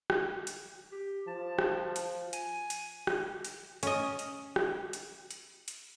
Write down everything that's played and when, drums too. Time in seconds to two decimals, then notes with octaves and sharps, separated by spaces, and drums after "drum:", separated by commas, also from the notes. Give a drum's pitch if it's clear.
0.10 drum: rim click
0.47 drum: hi-hat
0.92 G4
1.27 F3 A5
1.59 drum: rim click
1.96 drum: hi-hat
2.33 G#5, drum: hi-hat
2.70 drum: hi-hat
3.07 drum: rim click
3.45 drum: hi-hat
3.83 C#4 D#5, drum: hi-hat
4.19 drum: hi-hat
4.56 drum: rim click
4.93 drum: hi-hat
5.31 drum: hi-hat
5.68 drum: hi-hat